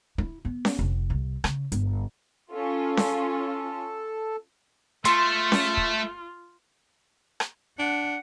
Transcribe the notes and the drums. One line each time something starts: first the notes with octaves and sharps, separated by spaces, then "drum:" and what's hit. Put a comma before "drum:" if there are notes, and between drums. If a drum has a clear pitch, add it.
E4, drum: kick
B3
drum: snare C#4
F1
C2
C#3, drum: rim click
G1, drum: hi-hat
C#4 F4 A4
drum: snare C#4
A3 F4 C6, drum: hi-hat
drum: snare C#4
drum: kick
drum: rim click
D4 F#5